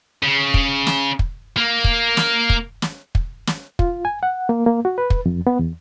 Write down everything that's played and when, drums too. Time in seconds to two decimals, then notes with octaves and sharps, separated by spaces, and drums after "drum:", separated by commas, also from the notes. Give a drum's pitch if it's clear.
0.23 C#3
0.54 drum: kick
0.87 drum: snare
1.19 drum: kick
1.57 A#3
1.84 drum: kick
2.17 drum: snare
2.50 drum: kick
2.82 drum: snare
3.15 drum: kick
3.47 drum: snare
3.79 F4, drum: kick
4.05 G#5
4.23 F#5
4.49 A#3
4.66 A#3
4.85 F#4
4.98 B4
5.10 drum: kick
5.26 F2
5.47 B3
5.59 E2